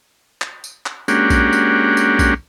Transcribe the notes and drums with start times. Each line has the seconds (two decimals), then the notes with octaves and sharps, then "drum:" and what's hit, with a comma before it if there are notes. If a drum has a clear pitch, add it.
0.42 drum: clap
0.64 drum: tambourine
0.86 drum: clap
1.08 G#3 A#3 C#4 D4 F#4 G4, drum: tambourine
1.30 drum: kick B1, tambourine
1.53 drum: tambourine
1.97 drum: tambourine
2.19 drum: kick B1, tambourine